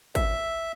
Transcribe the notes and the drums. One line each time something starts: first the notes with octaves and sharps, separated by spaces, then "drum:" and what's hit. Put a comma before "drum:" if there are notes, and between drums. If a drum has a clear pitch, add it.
E5, drum: kick, hi-hat